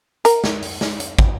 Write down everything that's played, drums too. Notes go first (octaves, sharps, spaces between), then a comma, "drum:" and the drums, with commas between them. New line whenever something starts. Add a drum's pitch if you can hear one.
A#4, drum: hi-hat
drum: snare
drum: open hi-hat
drum: snare
drum: hi-hat
drum: kick